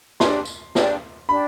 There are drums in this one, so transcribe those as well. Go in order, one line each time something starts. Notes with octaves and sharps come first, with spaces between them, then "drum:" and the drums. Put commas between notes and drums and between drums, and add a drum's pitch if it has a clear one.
D4 G4 D5 G5 C6, drum: snare
drum: tambourine
D4 G4 D5 G5, drum: snare
D4 G4 D5 B5